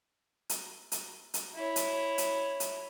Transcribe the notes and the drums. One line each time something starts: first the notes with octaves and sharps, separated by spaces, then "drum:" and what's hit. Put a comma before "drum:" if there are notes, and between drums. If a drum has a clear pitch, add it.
drum: hi-hat
drum: hi-hat
drum: hi-hat
E4 C#5
drum: hi-hat
drum: hi-hat
drum: hi-hat